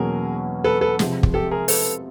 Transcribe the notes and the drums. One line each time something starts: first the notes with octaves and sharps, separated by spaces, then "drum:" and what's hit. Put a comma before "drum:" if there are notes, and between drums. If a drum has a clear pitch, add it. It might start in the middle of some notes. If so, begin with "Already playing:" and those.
Already playing: E2 B2 F#3 A#3 C#4 G#4 A#4
A4 B4
A4 B4
C3 F3 G#3, drum: snare
drum: kick
G4 A4
G#4 A#4
A4 B4, drum: open hi-hat